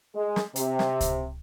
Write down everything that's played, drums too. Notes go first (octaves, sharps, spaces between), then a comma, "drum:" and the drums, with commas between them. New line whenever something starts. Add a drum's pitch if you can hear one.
G#3
drum: snare
C3, drum: hi-hat
drum: snare
drum: kick C#2, hi-hat